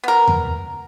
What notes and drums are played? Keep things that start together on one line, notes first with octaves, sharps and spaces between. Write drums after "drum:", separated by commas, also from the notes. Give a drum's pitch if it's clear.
B3 A#4
drum: tom E2